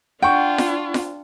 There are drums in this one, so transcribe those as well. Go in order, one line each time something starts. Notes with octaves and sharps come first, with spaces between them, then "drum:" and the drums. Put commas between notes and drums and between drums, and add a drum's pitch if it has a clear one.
D4 F4 F#5 G5 C#6
drum: snare F4
drum: snare F4